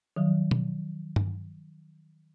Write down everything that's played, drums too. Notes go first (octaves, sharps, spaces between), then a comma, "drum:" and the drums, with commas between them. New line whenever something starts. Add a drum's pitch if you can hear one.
D#3 F3 F#3
drum: tom B2
drum: tom G2